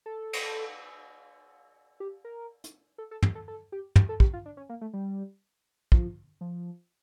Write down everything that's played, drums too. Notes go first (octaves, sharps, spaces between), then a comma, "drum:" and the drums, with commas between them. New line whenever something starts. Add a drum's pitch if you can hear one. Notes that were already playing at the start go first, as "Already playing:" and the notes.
A4
drum: cymbal
G4
A#4
drum: hi-hat
A4
A4
G4, drum: tom
A4
A4
G4
G4, drum: tom
A4
G4, drum: kick
F4
D4
C#4
A#3
A3
G3
F3, drum: kick
F3